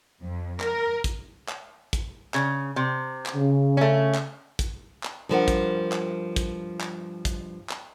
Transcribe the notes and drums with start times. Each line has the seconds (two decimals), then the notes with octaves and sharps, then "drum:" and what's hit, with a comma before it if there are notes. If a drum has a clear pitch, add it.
0.22 F2
0.60 A#4, drum: clap
1.04 drum: kick, hi-hat
1.49 drum: clap
1.93 drum: kick, hi-hat
2.34 C#3, drum: clap
2.76 C3
3.26 drum: clap
3.36 C#3
3.77 A3 C#4
4.15 drum: clap
4.59 drum: kick, hi-hat
5.03 drum: clap
5.29 G2 F3 A#4 F#5
5.48 drum: kick, hi-hat
5.92 drum: clap
6.36 drum: kick, hi-hat
6.81 drum: clap
7.25 drum: kick, hi-hat
7.69 drum: clap